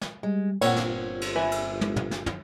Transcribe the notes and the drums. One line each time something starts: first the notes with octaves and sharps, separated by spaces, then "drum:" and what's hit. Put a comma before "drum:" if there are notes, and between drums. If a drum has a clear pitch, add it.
drum: snare
G3 G#3
G1 A#2 C4 C#5 F#5, drum: cymbal
drum: snare
drum: cymbal
B4 E5 G#5
drum: cymbal
drum: tom
drum: tom
drum: snare
drum: tom